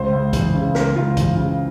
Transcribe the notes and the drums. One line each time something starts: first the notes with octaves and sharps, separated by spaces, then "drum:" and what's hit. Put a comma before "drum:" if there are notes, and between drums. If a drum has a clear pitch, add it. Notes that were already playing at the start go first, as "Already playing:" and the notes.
Already playing: C#2 C5
C#2
E3, drum: kick A1, hi-hat
C#3
C#2 A#4, drum: snare
C#2 F4
E3, drum: kick A1, hi-hat
C#3